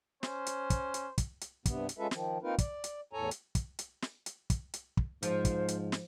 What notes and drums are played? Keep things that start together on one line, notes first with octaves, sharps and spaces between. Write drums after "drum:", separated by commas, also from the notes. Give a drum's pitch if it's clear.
C#4 C5, drum: snare
drum: hi-hat
drum: kick, hi-hat
drum: hi-hat
drum: kick, hi-hat
drum: hi-hat
G2 C3 B3, drum: kick, hi-hat
drum: hi-hat
G#3 C#4 F4 A4 B4 E5
D#3 F3, drum: snare
A#3 C4 D#4 F4 A#4 B4
D5, drum: kick, hi-hat
drum: hi-hat
E2 A2 A4 C#5 G#5 A#5
drum: hi-hat
drum: kick, hi-hat
drum: hi-hat
drum: snare
drum: hi-hat
drum: kick, hi-hat
drum: hi-hat
drum: kick
G#2 F3 C5, drum: hi-hat
drum: kick, hi-hat
drum: hi-hat
drum: snare